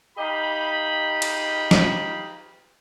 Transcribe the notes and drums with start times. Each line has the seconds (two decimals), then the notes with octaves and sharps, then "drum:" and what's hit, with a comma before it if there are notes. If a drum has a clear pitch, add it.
0.18 D#4 G4 D#5 F5 B5
1.22 drum: cymbal
1.71 drum: snare